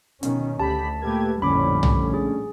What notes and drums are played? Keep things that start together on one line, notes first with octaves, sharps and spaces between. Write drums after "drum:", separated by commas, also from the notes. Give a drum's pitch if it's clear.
B2 D#3 C#4, drum: hi-hat
D2 G4 A5 B5 B6
A#2 A3 A#3 G4 B4 G#6
A#1 F2 A2 D3 G3 C#4 B5 D6
drum: tom
G#4